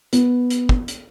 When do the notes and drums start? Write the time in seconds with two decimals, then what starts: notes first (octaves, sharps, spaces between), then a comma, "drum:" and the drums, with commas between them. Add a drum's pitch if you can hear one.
0.13 B3, drum: hi-hat
0.50 drum: hi-hat
0.69 drum: kick
0.88 drum: hi-hat